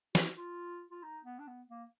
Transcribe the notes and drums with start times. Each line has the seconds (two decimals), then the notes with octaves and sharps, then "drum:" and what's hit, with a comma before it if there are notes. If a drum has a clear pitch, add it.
0.15 F#4, drum: snare
0.37 F4
0.90 F4
1.03 D#4
1.24 B3
1.39 D4
1.47 B3
1.69 A#3